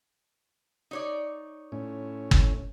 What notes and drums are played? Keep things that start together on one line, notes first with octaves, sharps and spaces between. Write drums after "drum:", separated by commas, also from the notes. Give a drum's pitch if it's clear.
D#4 C#5 D5
A2 C#4
drum: kick